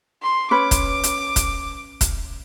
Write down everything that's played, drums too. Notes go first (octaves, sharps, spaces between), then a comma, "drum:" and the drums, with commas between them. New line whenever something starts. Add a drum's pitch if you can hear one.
C6
C#4 B4 C#5 D6
drum: kick, hi-hat
drum: hi-hat
drum: kick, hi-hat
drum: kick, hi-hat